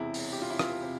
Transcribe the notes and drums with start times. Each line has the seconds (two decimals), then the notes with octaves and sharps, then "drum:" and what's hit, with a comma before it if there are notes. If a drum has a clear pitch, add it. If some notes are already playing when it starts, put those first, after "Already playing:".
Already playing: E1 E2 C3 E4
0.14 drum: open hi-hat
0.33 G4
0.42 F4
0.50 E4
0.59 F4, drum: rim click
0.83 C3